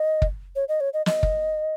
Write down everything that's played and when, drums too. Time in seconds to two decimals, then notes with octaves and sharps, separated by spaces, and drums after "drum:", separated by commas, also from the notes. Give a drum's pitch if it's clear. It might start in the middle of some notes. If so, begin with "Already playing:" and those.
Already playing: D#5
0.22 drum: kick
0.56 C#5
0.68 D#5
0.81 C#5
0.93 D#5
1.06 D#5, drum: snare
1.23 drum: kick